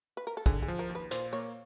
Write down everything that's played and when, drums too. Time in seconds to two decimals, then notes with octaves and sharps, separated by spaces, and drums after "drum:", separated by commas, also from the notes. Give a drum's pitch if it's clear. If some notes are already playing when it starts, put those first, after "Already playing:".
0.17 B4
0.27 A#4
0.37 A4
0.46 D3 G#4, drum: kick
0.62 G#4
0.68 F3
0.79 A#4
0.89 D#2
0.95 B4
1.11 A#2 C5, drum: hi-hat
1.33 A#3 C#5